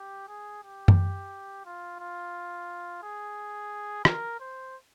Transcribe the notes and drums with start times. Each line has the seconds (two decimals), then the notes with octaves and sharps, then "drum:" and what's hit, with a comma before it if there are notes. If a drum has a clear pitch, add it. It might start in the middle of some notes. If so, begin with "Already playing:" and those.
Already playing: G4
0.28 G#4
0.63 G4
0.88 drum: tom F#2
1.66 F4
2.00 F4
3.02 G#4
4.05 A#4, drum: rim click
4.40 C5